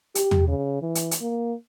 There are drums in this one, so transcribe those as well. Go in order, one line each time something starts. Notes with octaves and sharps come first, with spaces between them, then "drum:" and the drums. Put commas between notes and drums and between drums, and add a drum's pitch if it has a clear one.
G4, drum: hi-hat
drum: tom
C#3
E3
drum: hi-hat
drum: hi-hat
A#3